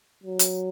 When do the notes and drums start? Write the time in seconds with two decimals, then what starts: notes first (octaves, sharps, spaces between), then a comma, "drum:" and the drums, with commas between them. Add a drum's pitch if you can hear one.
0.23 F#3
0.39 drum: hi-hat